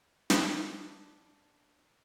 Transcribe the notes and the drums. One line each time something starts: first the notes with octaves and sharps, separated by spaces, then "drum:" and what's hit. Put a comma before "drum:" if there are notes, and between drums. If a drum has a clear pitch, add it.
D4, drum: snare